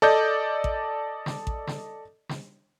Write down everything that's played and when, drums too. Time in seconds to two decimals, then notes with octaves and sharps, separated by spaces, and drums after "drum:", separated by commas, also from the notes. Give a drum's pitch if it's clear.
0.02 A4 D5 D#5 G6
0.64 drum: kick A1
1.26 drum: snare
1.47 drum: kick A1
1.67 drum: snare
2.29 drum: snare